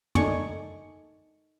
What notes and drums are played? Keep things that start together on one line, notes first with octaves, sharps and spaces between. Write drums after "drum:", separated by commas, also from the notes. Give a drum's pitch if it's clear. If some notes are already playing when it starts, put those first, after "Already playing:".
D#4 A4 D5 G#5 C#6, drum: tom